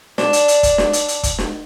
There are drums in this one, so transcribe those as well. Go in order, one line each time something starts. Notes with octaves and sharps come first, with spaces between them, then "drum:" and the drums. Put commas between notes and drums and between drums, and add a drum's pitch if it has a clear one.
D4, drum: snare
drum: hi-hat
drum: hi-hat
drum: kick, hi-hat
drum: snare
drum: hi-hat
drum: hi-hat
drum: kick, hi-hat
drum: snare